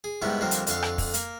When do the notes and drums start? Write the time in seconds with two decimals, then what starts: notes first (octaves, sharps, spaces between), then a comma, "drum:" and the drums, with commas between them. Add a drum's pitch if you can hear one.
0.04 G#4
0.22 G#2 D#3 G3 B3 E4
0.41 D#2 D3 F3 G3 A#3 C4
0.51 drum: hi-hat
0.67 F2 D3 A4 F5, drum: hi-hat
0.82 drum: rim click
0.98 drum: kick, open hi-hat
1.14 A#3, drum: hi-hat